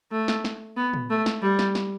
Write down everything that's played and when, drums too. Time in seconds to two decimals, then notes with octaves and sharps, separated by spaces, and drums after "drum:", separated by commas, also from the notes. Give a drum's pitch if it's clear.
0.12 A3
0.28 drum: snare
0.45 drum: snare
0.77 B3
0.94 drum: tom A#2
1.10 A3
1.26 drum: snare
1.42 G3
1.59 drum: snare
1.75 drum: snare